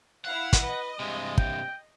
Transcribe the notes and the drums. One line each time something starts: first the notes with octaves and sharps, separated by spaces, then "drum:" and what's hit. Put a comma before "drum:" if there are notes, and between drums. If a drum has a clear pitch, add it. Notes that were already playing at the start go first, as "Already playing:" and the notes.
E4 F5 F#5
drum: kick, hi-hat
B4 D#5
G2 C3 G#3
G5, drum: kick